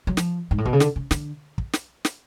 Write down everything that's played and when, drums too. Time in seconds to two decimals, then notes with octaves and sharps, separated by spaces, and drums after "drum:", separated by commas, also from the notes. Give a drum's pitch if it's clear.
0.07 F#3
0.17 F3, drum: snare
0.51 G#2
0.58 A2
0.65 B2, drum: kick
0.73 C#3
0.80 D3, drum: snare
0.96 C#3
1.11 D3, drum: snare
1.58 drum: kick
1.73 drum: snare
2.05 drum: snare